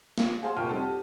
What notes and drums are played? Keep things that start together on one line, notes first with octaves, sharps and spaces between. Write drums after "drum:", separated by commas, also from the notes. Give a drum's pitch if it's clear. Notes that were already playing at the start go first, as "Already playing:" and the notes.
F4, drum: snare
F#4 G#4 C5 F5 A5 C6
F1 A#2 G5 C#6 F6 D#7
G3 C4 D#4 F#4 A4
G4